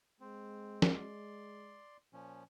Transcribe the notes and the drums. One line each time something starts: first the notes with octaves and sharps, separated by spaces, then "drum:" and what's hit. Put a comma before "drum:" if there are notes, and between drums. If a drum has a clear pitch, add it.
G#3 C4
drum: snare
D5 C6
A#2 F3 C#4